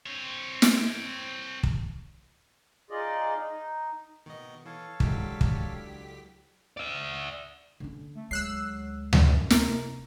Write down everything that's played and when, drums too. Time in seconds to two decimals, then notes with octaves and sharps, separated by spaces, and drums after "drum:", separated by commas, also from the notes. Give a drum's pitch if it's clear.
0.06 C4 C#5
0.62 drum: snare
1.63 drum: kick
2.90 D#4 F4 G#4 D5 D#5
3.37 D#4
4.26 B2 D#3 B3 D#5 C#6
4.66 E3 A4 C#5 F5
5.00 C#2 D3 F#3 G#3 D#4 E4 G4 B6, drum: kick
5.41 drum: kick
6.77 D5 E5
7.80 D3 C#4
8.16 A3
8.31 D2 F#3 G#3 E6 F#6 C7
9.13 F#2, drum: tom D2
9.50 F1 A#4, drum: snare